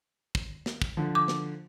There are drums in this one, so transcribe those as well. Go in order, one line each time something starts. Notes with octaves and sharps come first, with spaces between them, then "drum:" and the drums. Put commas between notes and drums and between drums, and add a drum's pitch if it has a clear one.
drum: kick
drum: snare
drum: kick
D3 F3
D6
drum: snare